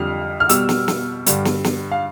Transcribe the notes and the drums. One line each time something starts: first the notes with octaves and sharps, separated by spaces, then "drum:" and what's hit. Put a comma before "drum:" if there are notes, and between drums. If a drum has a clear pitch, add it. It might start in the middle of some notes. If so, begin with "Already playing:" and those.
Already playing: F2 D3 G3 F6
F6
B2 G3 E6, drum: hi-hat
drum: snare
drum: snare
G2 D3 G3, drum: hi-hat
drum: snare
drum: snare
F5